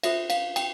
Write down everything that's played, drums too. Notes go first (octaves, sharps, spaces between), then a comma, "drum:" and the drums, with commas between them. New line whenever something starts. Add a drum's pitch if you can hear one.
F4 A4 C5 E5, drum: cymbal
F5, drum: cymbal
G5, drum: cymbal